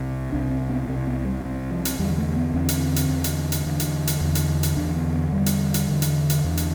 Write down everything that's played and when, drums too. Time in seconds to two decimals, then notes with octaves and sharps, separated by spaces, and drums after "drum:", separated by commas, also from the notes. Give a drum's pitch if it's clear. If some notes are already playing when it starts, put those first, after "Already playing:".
Already playing: C2 C3
0.32 C2 C3 D4
0.50 C4
0.69 B3
0.88 C2 C3 C4
1.07 B3
1.25 G3
1.44 C2 C3
1.71 F3
1.85 drum: hi-hat
1.99 E2 D3 G3
2.18 A3
2.36 B3
2.54 E2 D3 C4
2.69 drum: hi-hat
2.96 drum: hi-hat
3.10 E2
3.15 D3
3.24 drum: hi-hat
3.52 drum: hi-hat
3.66 E2 D3
3.80 drum: hi-hat
4.07 drum: hi-hat
4.21 E2 D3
4.35 drum: hi-hat
4.63 drum: hi-hat
4.77 E2 D3 D4
4.96 B3
5.14 B3
5.32 E2 D3 G3
5.46 drum: hi-hat
5.74 drum: hi-hat
5.89 E2 D3
6.02 drum: hi-hat
6.30 drum: hi-hat
6.44 E2 D3
6.57 drum: hi-hat